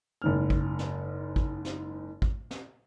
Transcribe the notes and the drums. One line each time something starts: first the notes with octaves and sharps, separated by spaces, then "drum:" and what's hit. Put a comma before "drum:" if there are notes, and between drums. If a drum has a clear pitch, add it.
F#1 G#2 F6
drum: kick G#1
drum: snare
drum: kick G#1
drum: snare
drum: kick G#1
drum: snare